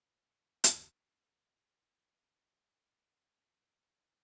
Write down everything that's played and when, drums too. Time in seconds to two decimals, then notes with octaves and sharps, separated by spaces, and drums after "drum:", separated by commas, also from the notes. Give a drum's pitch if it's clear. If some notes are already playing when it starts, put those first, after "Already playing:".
0.17 D#3 F#3 C#4 E4 B4
0.64 drum: hi-hat
2.11 A#3 D#4 F#4 B4